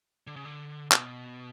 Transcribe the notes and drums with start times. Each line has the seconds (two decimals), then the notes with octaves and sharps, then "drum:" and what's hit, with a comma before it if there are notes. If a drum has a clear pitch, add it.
0.27 D3
0.36 C#3
0.45 D3
0.92 B2, drum: clap